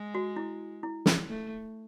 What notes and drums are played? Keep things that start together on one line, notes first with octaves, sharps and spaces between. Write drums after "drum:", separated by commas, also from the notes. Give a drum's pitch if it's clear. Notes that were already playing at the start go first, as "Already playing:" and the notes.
Already playing: G#3
F#4
E4
E4
drum: snare
A3